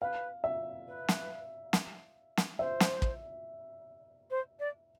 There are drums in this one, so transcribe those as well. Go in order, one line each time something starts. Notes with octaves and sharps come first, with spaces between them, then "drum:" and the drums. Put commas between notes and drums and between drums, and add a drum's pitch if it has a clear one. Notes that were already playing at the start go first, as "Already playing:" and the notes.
B4 F5
E5
B4
drum: snare
drum: snare
drum: snare
C5 E5
drum: snare
drum: kick
C5
D5